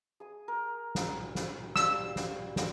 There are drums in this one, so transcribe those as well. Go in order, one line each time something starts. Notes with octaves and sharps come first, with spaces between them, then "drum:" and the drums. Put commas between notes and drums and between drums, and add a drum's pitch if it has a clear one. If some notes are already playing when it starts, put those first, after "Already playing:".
G#4 D#6
A#4
drum: snare
drum: snare
G3 C5 F5 E6, drum: snare
drum: snare
drum: snare